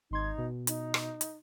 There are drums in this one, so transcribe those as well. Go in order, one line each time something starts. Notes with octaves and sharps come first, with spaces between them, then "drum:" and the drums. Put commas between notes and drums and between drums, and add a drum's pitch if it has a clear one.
G#1 D#4 C6 G#6
B2
D#4, drum: hi-hat
drum: rim click
drum: hi-hat